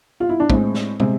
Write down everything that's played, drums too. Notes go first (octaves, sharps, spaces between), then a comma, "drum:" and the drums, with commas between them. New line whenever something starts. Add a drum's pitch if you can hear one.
F4
E4
D4
A2 G#3 C4, drum: kick
drum: snare
C3 G#3, drum: tom